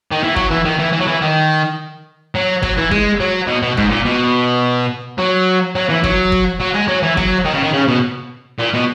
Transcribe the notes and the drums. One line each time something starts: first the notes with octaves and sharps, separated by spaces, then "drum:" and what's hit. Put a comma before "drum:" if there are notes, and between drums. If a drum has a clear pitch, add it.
D#3
E3
F#3, drum: kick
E3
D#3
E3
E3
F#3
E3
D#3
F#3
F#3, drum: kick
E3
G#3, drum: kick
F#3
B2
B2
G#2, drum: kick
A#2
B2
F#3
F#3
E3
F#3, drum: kick
drum: kick
F#3
G#3
F#3
E3
F#3, drum: kick
D#3
C#3
D#3
C#3
B2
A#2
B2